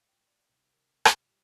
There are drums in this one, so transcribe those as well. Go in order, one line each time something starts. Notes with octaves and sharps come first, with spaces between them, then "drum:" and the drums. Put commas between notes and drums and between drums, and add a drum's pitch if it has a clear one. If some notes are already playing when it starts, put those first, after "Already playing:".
Already playing: A2 F3 D#5 F5
G5
D5
C3 D#3 G3
A#4
drum: rim click
A#2 G3